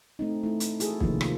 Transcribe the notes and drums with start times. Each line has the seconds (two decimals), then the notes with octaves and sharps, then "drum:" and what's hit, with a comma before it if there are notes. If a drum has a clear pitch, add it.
0.19 A3 C4 D#4
0.43 A3 E4
0.60 drum: hi-hat
0.80 E4 F#4 G#4 A4, drum: hi-hat
1.00 C3 D#3 F3 A#3 F4, drum: kick B1
1.21 drum: rim click